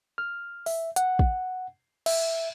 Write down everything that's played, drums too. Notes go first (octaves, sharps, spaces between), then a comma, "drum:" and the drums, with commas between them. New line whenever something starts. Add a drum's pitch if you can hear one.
F6
E5, drum: open hi-hat
F#5, drum: hi-hat
drum: kick
E5, drum: cymbal